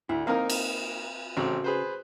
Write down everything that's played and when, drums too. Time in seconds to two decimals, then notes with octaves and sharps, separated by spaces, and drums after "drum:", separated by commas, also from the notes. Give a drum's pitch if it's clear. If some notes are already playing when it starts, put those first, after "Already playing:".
0.09 D2 E4
0.27 A#3 C4 D#4 A#4 F5
0.50 drum: cymbal
1.37 A1 C#3 C4 F#4
1.64 G#4 B4 C5